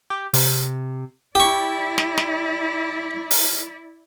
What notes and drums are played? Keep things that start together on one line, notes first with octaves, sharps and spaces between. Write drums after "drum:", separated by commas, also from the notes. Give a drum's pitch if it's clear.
G4
C3, drum: open hi-hat
E4 G4 D5 C#6
drum: snare
drum: snare
drum: open hi-hat